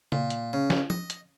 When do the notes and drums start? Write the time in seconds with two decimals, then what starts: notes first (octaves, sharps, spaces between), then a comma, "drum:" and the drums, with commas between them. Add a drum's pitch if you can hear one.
0.12 A#2, drum: tom C#3
0.30 drum: hi-hat
0.53 C#3
0.70 drum: snare
0.90 D#5, drum: tom
1.10 drum: hi-hat